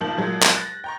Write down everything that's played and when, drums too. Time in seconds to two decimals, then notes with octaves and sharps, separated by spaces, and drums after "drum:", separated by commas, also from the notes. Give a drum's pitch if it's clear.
0.01 B1 F3 A#3 A5 G6 F#7
0.17 A#2 F3 F#3 G#3
0.43 drum: clap
0.55 F#6 A6 A#6
0.84 G5 A#5 C#6